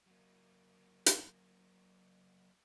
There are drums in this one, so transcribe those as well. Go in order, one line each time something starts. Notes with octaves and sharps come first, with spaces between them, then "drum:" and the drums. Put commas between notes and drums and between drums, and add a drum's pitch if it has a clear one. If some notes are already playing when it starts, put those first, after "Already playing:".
F#3 A#3
drum: hi-hat